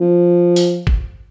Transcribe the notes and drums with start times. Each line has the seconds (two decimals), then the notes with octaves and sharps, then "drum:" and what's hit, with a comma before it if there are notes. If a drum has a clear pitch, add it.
0.01 F3
0.56 drum: open hi-hat
0.87 drum: kick